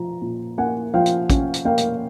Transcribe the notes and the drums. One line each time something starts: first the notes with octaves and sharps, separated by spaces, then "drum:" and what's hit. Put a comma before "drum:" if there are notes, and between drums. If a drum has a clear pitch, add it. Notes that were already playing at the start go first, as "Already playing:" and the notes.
Already playing: F3 A#5
A#2
A#3 F#5 G#5
F3 F5 G5
drum: hi-hat
C#4, drum: kick, hi-hat
drum: hi-hat
A#3 F5 G5
drum: hi-hat